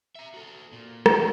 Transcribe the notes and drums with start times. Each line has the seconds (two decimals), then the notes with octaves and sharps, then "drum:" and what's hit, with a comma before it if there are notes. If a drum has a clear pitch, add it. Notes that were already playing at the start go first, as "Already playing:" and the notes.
0.15 E5 A#5
0.34 F#4 A4
0.72 A#2
1.06 G#3 C4, drum: rim click